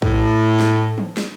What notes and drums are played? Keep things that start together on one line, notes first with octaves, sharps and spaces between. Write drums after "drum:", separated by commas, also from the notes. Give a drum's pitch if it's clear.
A2, drum: kick
drum: snare
drum: tom
drum: snare